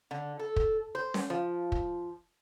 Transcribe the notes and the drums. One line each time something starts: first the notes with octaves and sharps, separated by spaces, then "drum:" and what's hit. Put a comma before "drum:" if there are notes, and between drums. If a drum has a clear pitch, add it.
D3
A4
drum: kick
C5
drum: snare C#4
F3
drum: kick